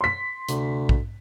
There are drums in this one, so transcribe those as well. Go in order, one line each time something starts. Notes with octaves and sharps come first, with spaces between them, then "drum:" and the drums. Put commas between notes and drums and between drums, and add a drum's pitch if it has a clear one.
C6 B6
D2 C3, drum: hi-hat
drum: kick A#1